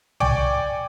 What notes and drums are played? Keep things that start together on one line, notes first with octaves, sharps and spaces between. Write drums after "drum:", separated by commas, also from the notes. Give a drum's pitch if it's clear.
D5 G5 G#5 C#6 D6, drum: tom C2